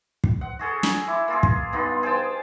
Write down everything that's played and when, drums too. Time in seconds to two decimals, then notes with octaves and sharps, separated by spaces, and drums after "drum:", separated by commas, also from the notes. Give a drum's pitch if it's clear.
0.24 drum: kick
0.41 F#5
0.59 F#4 G#4 A4
0.83 drum: snare
1.07 E4 D6
1.28 A#3 F4 G#4
1.43 drum: kick
1.73 G2 B3 D#4 F4
2.03 G#4 C5 G5 A5